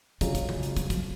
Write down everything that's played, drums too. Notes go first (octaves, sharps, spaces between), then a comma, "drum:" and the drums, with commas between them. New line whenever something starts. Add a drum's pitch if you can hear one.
F2 C#3 F#3 G#3, drum: kick, hi-hat
drum: kick, hi-hat
drum: tom C3
drum: hi-hat
F#3, drum: kick, hi-hat
F3, drum: kick, hi-hat